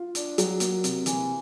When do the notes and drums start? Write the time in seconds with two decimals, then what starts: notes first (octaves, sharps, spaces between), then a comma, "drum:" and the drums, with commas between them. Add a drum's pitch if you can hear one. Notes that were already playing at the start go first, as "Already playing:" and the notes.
Already playing: F4
0.15 D4, drum: hi-hat
0.38 F#3, drum: hi-hat
0.60 A#3, drum: hi-hat
0.84 C3, drum: hi-hat
1.06 E3, drum: hi-hat